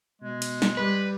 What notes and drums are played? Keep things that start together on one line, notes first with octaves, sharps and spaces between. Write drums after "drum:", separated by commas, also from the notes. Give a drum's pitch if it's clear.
B2 G#3
drum: cymbal
drum: snare
G3 B4